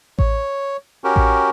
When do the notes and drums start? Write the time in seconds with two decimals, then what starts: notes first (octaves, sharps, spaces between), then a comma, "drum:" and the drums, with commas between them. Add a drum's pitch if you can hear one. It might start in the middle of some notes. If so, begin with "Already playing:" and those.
0.19 C#5, drum: kick A1
1.04 C#4 F#4 G4 A#4
1.16 drum: kick A1